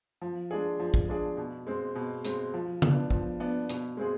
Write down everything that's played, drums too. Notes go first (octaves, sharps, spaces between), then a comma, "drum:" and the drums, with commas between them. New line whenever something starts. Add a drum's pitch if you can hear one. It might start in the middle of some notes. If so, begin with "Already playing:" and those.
F3
G#3 D4 G#4
F3
drum: kick
G#3 D4 G#4
B2
G#3 C4
B2
G#3 C4, drum: hi-hat
F3
B3 D4, drum: tom C#3
F3, drum: kick
B3 D4
B2, drum: hi-hat
G#3 C4 G#4